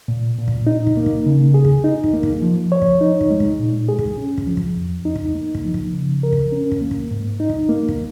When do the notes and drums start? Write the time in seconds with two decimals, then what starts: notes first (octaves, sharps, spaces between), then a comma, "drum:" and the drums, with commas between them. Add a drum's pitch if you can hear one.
0.08 A#2
0.38 A#2
0.48 drum: kick
0.67 D#4
0.87 drum: kick
0.97 A#3
1.06 drum: kick
1.26 C#3
1.54 G#4
1.65 drum: kick
1.84 D#4
2.04 drum: kick
2.13 A#3
2.23 drum: kick
2.42 F3
2.72 C#5
2.82 drum: kick
3.01 D#4
3.21 drum: kick
3.31 G#3
3.40 drum: kick
3.59 A#2
3.89 G#4
3.99 drum: kick
4.18 C#4
4.38 drum: kick
4.48 F3
4.57 drum: kick
4.77 F2
5.05 D#4
5.16 drum: kick
5.34 A#3
5.55 drum: kick
5.65 F3
5.74 drum: kick
5.94 C#3
6.23 A#4
6.33 drum: kick
6.52 C#4
6.72 drum: kick
6.81 A#3
6.91 drum: kick
7.11 G#2
7.40 D#4
7.50 drum: kick
7.69 A#3
7.89 drum: kick